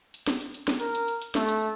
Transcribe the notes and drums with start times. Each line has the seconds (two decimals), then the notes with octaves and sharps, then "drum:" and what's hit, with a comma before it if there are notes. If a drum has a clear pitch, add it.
0.14 drum: hi-hat
0.27 drum: snare
0.41 drum: hi-hat
0.54 drum: hi-hat
0.68 drum: snare
0.80 A#4, drum: hi-hat
0.95 drum: hi-hat
1.08 drum: hi-hat
1.22 drum: hi-hat
1.35 A3, drum: snare
1.48 drum: hi-hat